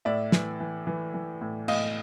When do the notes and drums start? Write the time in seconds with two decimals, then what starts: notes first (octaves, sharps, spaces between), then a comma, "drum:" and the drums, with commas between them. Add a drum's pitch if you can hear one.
0.05 A2 D5 E5
0.32 E3, drum: snare
0.60 E3
0.87 E3
1.14 E3
1.41 A2
1.68 A2 D#5 F5, drum: cymbal